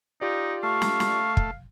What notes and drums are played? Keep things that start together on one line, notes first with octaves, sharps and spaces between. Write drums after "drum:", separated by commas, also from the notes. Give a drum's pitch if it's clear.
D#4 F4 G4 D5
A3 F5 C#6
drum: snare
drum: snare
drum: kick